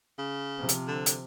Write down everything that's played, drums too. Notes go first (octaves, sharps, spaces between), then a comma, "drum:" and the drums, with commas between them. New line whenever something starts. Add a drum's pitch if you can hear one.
C#3
C3 F3
drum: hi-hat
D3
drum: hi-hat